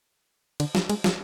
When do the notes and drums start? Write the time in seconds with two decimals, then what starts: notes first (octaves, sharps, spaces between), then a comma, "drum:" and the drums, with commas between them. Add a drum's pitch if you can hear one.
0.60 D3, drum: cymbal
0.75 F3, drum: snare
0.90 G#3, drum: cymbal
1.04 F3, drum: snare